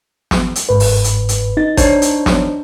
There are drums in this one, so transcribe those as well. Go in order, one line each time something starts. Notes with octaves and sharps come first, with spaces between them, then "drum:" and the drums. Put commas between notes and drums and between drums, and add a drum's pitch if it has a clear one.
drum: snare
drum: hi-hat
G1 G#2 B4
drum: open hi-hat
drum: hi-hat
drum: hi-hat
D#4 A6
D4 D#4 C5 C#5, drum: kick A1, hi-hat
drum: hi-hat
drum: snare